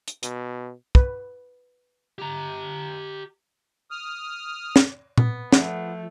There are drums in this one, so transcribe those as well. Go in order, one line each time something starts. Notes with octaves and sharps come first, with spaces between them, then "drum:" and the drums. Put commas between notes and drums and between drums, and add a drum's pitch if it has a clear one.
drum: hi-hat
B2, drum: hi-hat
B4, drum: kick
G4 A#5
D#6 F6
drum: snare
B3, drum: tom A#2
F3 A3 F#5, drum: snare